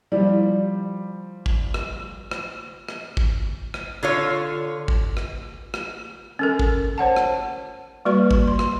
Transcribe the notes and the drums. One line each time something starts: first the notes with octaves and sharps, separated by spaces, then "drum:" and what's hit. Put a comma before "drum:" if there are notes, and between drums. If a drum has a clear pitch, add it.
F3 G3 E4 D5
drum: kick
drum: rim click
drum: rim click
drum: rim click
drum: kick
drum: rim click
D3 F4 C#5
drum: kick
drum: rim click
drum: rim click
C#4 A4 A#4
drum: kick
C5 C#5 F#5 A5
drum: rim click
G3 A#3 F#4 B4 D5 C#6
drum: kick
C6
drum: rim click